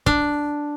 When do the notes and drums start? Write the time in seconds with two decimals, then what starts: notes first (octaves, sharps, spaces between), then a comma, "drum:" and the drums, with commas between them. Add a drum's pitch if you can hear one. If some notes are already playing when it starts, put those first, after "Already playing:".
0.06 D4, drum: kick